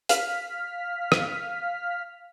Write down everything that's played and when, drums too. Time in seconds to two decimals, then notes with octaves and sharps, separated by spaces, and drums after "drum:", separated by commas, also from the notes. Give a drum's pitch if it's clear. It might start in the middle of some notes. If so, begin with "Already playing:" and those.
0.09 F5 F6 B6, drum: hi-hat
1.12 drum: rim click